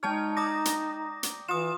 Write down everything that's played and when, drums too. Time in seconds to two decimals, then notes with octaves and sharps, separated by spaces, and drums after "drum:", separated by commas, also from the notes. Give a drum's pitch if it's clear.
0.03 G#3 D#4 C#5 G5 A5 F6
0.37 D5 A#5 D#6 A#6
0.65 drum: hi-hat
1.23 drum: hi-hat
1.48 E3 F4 D#6 E7